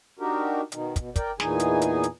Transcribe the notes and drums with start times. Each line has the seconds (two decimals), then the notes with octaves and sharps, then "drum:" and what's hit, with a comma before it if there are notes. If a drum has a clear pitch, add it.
0.19 D4 D#4 F#4 G4 A#4
0.72 B2 D#3, drum: hi-hat
0.96 B2, drum: kick, hi-hat
1.16 A#4 D5 G5, drum: kick, hi-hat
1.40 E2 A#2 E3 D#4 G#4 G#5, drum: snare
1.60 drum: hi-hat
1.81 drum: hi-hat
2.03 drum: hi-hat